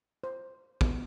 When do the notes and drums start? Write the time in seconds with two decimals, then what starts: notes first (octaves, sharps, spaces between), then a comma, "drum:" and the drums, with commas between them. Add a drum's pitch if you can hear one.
0.24 C5
0.81 B3, drum: kick